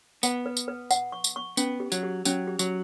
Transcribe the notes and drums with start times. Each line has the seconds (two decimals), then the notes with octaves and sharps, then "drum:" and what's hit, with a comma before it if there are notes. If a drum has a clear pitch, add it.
0.23 B3 F#5, drum: tambourine
0.46 B4
0.57 drum: tambourine
0.68 B4
0.91 F#5, drum: tambourine
1.12 C#6
1.24 drum: tambourine
1.36 C#6
1.57 B3 C#4, drum: tambourine
1.80 G4
1.92 F#3, drum: tambourine
2.03 G4
2.25 F#3 C#4, drum: tambourine
2.47 G4
2.59 F#3, drum: tambourine